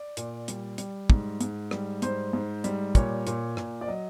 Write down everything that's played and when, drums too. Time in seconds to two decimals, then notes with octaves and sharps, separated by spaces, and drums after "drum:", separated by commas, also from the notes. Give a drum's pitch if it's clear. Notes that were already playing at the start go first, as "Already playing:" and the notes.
Already playing: D5
0.17 A#2, drum: hi-hat
0.48 G3, drum: hi-hat
0.78 G3, drum: hi-hat
1.10 G#2, drum: kick
1.41 G#2, drum: hi-hat
1.71 G3, drum: rim click
2.02 G#2 C5, drum: hi-hat
2.33 G#2
2.64 G3, drum: hi-hat
2.95 A#2 C#5, drum: kick, hi-hat
3.27 A#2, drum: hi-hat
3.57 A#2, drum: rim click
3.81 D5
3.88 F#3 D#5